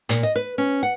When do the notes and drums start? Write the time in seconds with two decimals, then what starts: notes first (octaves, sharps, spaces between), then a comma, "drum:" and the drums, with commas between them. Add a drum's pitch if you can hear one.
0.09 A#2, drum: hi-hat
0.23 D#5
0.36 B4
0.58 C#4
0.83 F#5